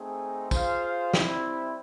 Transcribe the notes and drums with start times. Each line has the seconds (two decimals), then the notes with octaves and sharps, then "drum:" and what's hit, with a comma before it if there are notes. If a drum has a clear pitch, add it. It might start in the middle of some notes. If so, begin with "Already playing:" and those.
Already playing: A3 C4 D#4 G#4
0.51 F4 G#4 C5 F5, drum: kick, tambourine
1.13 G3 C4 E4, drum: snare